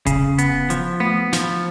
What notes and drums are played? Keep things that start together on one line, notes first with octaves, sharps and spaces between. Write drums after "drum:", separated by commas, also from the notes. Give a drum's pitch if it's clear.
C#3, drum: kick E1, hi-hat
B3, drum: hi-hat
F3, drum: hi-hat
B3, drum: tom A3
F3, drum: snare